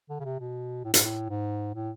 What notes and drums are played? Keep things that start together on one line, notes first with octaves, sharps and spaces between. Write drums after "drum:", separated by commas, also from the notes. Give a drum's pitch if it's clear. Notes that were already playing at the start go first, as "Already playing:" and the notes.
D3
C#3
C3
B2
A2
G#2, drum: hi-hat
A2
G#2
A2